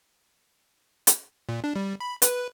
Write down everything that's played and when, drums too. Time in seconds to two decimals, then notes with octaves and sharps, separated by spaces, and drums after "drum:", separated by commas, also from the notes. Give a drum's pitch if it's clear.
1.07 drum: hi-hat
1.49 A#2
1.64 D4
1.76 G3
2.00 B5
2.22 B4, drum: hi-hat